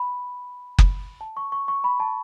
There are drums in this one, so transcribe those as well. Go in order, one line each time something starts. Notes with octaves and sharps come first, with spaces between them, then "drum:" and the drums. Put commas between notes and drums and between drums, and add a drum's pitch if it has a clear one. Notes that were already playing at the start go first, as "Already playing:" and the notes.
Already playing: B5
drum: kick F#1
A5
C#6
C#6
C#6
B5
A5